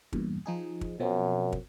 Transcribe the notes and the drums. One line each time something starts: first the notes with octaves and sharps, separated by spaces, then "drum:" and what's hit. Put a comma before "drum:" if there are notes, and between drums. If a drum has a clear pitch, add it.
E2 G2 A#2, drum: kick
F3 D#4 G#4
drum: kick
F#2 B2 F3 C4
drum: kick